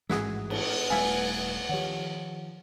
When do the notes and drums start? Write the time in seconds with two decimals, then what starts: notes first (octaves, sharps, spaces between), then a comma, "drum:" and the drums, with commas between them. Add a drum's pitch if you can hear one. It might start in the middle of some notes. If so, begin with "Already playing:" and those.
0.09 A1 G#2 G#3 E4 F#4 G#4, drum: snare
0.50 B3, drum: cymbal
0.90 D#1 G3 A3 E4 F4 G#5
1.69 D#3 F3 G4 C#5 F#5